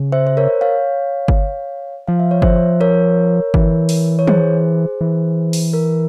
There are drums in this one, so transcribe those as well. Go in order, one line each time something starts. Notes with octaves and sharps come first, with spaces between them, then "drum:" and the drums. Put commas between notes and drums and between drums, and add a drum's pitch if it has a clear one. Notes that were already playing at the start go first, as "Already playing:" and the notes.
Already playing: C#3
C5 E5
C5
A#4 C#5
C#5 F5
drum: kick G1
F3 F5
E5
C#5
C5 E5, drum: kick G1
A#4 C#5
E3, drum: kick G1
drum: open hi-hat
C#5
G#4 C5, drum: tom
E3
drum: open hi-hat
A#4